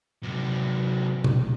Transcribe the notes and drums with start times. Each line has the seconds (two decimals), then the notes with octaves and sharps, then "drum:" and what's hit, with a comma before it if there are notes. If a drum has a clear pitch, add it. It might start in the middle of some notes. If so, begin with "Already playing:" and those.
0.23 C3 F#3
1.24 drum: tom B2